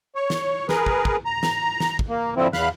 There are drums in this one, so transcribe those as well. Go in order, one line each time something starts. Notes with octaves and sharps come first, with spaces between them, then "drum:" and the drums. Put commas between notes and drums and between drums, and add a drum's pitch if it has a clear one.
C#5
drum: snare
G#4 A#4 B4, drum: snare
drum: kick
drum: kick
A#5
drum: snare
drum: snare
drum: kick
A#3
D3 F3 C4 E4
E2 F5 B5 F#6, drum: snare